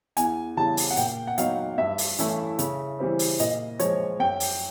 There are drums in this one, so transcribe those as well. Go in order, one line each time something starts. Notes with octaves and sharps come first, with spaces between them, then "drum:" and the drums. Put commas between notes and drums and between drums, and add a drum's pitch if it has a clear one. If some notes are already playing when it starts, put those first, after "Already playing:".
E2 G#5, drum: hi-hat
C#3 E3 G3 A5
drum: open hi-hat
F#5
A#2 G5, drum: hi-hat
F#5
F#3 B3 D#4 F5, drum: hi-hat
G2 E5
drum: open hi-hat
E3 A3 C#4 E4, drum: hi-hat
C#3, drum: hi-hat
E3 G3 C4 E4
drum: open hi-hat
A#2 D#5, drum: hi-hat
F3 G#3 C#5, drum: hi-hat
F#2 G5
drum: open hi-hat